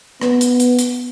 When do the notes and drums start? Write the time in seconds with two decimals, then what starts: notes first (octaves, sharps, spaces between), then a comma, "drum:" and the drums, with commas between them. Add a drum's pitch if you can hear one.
0.22 B3, drum: rim click
0.41 drum: hi-hat
0.60 drum: hi-hat
0.79 drum: hi-hat